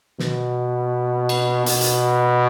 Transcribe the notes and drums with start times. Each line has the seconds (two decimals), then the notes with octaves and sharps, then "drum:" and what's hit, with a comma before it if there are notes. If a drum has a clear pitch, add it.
0.19 B2, drum: snare
1.29 drum: cymbal
1.66 B2, drum: hi-hat
1.81 drum: hi-hat